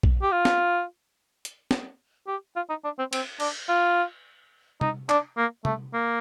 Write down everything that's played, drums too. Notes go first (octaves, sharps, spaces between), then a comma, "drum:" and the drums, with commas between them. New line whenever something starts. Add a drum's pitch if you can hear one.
drum: kick A#1
G4
F4
drum: snare
drum: hi-hat
drum: snare
G4
F4
D#4
D4
C4
C4, drum: cymbal
D4, drum: cymbal
F4
D#4, drum: tom C3
D4, drum: clap
A#3
A3, drum: tom C3
A#3